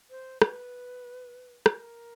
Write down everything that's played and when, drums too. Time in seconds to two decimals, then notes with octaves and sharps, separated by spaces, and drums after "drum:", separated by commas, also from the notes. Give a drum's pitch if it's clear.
0.10 C5
0.42 B4, drum: rim click
1.66 A#4, drum: rim click